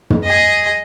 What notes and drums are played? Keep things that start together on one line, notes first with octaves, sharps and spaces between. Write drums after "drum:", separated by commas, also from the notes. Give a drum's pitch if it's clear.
drum: tom
G#4 D#5